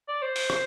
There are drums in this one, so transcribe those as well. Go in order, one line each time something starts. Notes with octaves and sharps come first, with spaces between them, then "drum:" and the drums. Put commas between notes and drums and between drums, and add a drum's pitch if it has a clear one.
D5
C5
drum: open hi-hat
drum: rim click